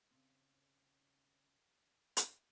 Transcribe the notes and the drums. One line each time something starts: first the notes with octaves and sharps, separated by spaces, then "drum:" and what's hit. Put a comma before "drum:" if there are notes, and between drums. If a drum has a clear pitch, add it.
C#3 C4
drum: hi-hat